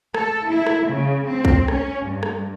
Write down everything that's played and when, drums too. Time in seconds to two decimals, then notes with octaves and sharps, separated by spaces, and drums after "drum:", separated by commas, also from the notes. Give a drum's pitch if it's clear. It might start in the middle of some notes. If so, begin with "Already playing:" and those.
0.14 A4, drum: rim click
0.49 E4
0.67 drum: rim click
0.88 C#3
1.28 C4
1.45 drum: kick B1
1.68 C#4, drum: rim click
2.05 G2
2.23 drum: rim click